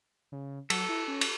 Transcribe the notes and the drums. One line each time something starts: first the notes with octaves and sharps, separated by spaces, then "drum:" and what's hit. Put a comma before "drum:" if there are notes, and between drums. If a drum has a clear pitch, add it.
C#3
F#3 A4, drum: cymbal
E4
C#4
drum: cymbal